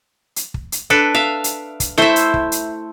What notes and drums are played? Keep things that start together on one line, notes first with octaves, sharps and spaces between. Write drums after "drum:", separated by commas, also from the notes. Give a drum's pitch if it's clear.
drum: hi-hat
drum: kick
drum: hi-hat
D4 A4 B4
E5 F5
drum: hi-hat
drum: kick, hi-hat
A3 E4 C5 E5
drum: hi-hat
drum: kick
drum: hi-hat